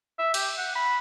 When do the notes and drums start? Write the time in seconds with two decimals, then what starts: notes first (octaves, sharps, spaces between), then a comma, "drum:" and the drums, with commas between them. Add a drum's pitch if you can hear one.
0.19 E5
0.34 G4, drum: cymbal
0.58 F#5
0.75 B5